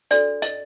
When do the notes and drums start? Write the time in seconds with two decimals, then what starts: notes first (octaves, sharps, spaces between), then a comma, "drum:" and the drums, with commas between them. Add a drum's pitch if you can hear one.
0.11 D4 F#4 A4 D5, drum: hi-hat
0.42 D#5, drum: hi-hat